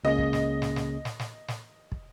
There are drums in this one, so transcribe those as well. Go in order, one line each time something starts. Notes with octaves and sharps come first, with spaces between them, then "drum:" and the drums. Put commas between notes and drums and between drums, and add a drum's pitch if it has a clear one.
C#2 C#3 A#3 C#4 G#4 D#5
drum: kick
drum: snare
drum: snare
drum: snare
drum: snare
drum: snare
drum: snare
drum: kick